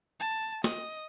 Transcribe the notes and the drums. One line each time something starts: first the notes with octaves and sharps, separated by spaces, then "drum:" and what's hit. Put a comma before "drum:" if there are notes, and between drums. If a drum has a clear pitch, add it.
A5
D#5, drum: snare